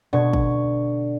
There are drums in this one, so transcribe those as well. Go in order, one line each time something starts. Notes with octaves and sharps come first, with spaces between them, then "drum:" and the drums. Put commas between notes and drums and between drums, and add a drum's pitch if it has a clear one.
B2 D3 C#6 G#6
drum: kick